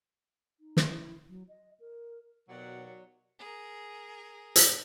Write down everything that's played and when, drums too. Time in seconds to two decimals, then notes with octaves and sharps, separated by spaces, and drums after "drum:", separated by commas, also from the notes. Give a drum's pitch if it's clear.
0.60 D#4
0.77 drum: snare
0.88 E4
1.29 F#3
1.49 D#5
1.80 A#4
2.49 D#2 B2 F#3 D5 F#5
3.39 G#4 A#4
4.56 drum: hi-hat